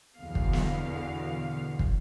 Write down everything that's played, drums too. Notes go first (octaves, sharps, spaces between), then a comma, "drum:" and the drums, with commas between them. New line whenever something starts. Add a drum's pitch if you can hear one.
E2 B2 D3 F5
drum: kick
drum: snare
drum: kick